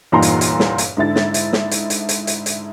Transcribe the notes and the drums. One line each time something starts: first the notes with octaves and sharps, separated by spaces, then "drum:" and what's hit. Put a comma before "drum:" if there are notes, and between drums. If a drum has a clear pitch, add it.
G1 E2 A#2 D#4 A#5 C6
drum: hi-hat
drum: hi-hat
drum: snare
drum: hi-hat
G#2 D3 E4 A6
drum: snare
drum: hi-hat
drum: snare
drum: hi-hat
drum: hi-hat
drum: hi-hat
drum: hi-hat
drum: hi-hat